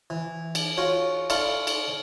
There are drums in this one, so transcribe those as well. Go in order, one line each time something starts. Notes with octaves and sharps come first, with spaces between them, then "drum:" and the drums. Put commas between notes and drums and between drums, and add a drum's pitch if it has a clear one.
E3
drum: cymbal
F4 F#4 C#5
E4 A4 D5 F5 C6 C#6, drum: cymbal
drum: cymbal